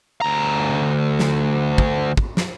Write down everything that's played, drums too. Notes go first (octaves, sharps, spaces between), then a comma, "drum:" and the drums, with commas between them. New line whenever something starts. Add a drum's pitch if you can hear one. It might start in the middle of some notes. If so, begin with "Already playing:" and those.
D2 A#5
drum: snare
drum: kick
drum: kick
drum: snare